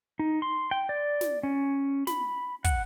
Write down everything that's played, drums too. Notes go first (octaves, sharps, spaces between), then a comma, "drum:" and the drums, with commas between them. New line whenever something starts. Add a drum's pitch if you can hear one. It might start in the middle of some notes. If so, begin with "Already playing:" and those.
D#4
C6
G5
D5
drum: snare
C#4
B5, drum: snare
F#5, drum: kick, hi-hat